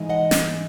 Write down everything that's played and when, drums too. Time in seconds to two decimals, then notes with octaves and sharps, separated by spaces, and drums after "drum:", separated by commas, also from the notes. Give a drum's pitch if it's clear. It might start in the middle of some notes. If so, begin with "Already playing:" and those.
Already playing: G#2 E3 G#3 D#4
0.09 D#5 F#5
0.31 drum: snare